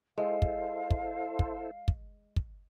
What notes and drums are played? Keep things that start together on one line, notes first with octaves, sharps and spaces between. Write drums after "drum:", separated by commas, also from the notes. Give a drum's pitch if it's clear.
G#3 E4 A4 C5 F5
drum: kick
drum: kick
drum: kick
drum: kick
drum: kick